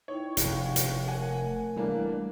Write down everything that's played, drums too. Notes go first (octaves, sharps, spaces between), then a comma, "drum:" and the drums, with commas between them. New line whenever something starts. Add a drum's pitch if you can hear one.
D#4 E4 C#5 G5
F1 G5, drum: hi-hat
drum: hi-hat
A3 A#4 F#5 G#5
E3 G3 A#3 D4